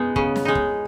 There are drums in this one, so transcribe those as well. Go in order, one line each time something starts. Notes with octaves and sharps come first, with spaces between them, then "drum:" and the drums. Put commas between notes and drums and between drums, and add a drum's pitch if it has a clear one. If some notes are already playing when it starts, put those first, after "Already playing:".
Already playing: G#3 B3 D#4
C#3, drum: kick
drum: snare
G#3 D#4
drum: kick